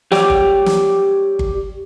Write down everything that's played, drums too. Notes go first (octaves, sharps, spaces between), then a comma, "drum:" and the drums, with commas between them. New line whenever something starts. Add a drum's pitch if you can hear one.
G4 C#5 D5, drum: snare
drum: kick G1
drum: snare
drum: kick G1